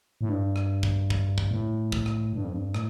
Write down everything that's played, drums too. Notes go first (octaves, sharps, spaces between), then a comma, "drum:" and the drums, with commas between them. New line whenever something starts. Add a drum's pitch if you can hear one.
A2
G2
drum: rim click
drum: kick
drum: kick
drum: kick
A2
drum: kick
drum: rim click
G2
F2
G2
A2, drum: rim click